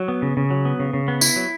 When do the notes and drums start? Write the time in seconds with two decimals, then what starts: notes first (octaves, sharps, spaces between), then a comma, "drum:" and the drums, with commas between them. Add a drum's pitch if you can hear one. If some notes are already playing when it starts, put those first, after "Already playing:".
Already playing: F#3
0.08 B3
0.22 C#3
0.37 C#3
0.50 F#3
0.65 B3
0.80 C#3
0.93 C#3
1.08 B3
1.21 E4, drum: tambourine
1.36 F#3